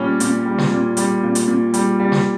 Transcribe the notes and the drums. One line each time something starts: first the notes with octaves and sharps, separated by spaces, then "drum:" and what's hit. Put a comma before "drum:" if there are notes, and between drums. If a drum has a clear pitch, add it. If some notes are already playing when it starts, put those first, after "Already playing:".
Already playing: A#2 G3 C#4
A#2, drum: hi-hat
G3
drum: snare
A#2
G3, drum: hi-hat
A#2
drum: hi-hat
A#2
G3, drum: hi-hat
G3
drum: snare